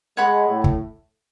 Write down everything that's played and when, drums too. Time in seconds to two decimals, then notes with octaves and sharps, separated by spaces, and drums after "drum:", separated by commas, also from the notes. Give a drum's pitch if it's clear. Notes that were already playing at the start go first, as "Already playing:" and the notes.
0.17 G#3 C#5 F#5 B5
0.48 A2
0.64 drum: kick